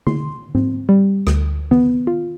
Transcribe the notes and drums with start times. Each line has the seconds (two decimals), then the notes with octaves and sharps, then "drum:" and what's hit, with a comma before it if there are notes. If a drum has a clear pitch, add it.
0.07 C6, drum: tom D3
0.55 C4, drum: tom G#2
0.89 G3
1.27 D2, drum: rim click
1.71 B3, drum: tom D#3
2.07 F4